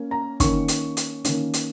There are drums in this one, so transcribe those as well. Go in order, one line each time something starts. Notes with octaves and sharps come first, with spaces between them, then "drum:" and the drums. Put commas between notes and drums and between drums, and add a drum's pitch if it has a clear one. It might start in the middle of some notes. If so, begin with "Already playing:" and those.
Already playing: A#3 C#4
A#5
D#3 A#3 C#4 C#6, drum: kick, hi-hat
drum: hi-hat
drum: hi-hat
D#3 A#3 C#4, drum: hi-hat
drum: hi-hat